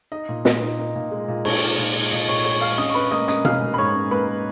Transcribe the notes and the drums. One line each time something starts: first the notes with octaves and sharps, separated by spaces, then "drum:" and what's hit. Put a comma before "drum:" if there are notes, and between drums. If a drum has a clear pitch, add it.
D#4 D#5
A#2
A#2, drum: snare
D#4
D#4
A#2
G#3
A#2
A#2 C#5, drum: cymbal
D#4
A#2
G#3
A#2 D#5
A#2 C#5 C#6
G#3 C#5 C#6
G#3 F5 F6
C#4 D#5 D#6
C#6
C#4 B4 B5
A#3 D#5 D#6
C#4 D#5 D#6, drum: hi-hat
C#4 F5 F6, drum: tom B2
A#3
B5
G#2 C#5 C#6
C#4
A#3 B4 B5
A#3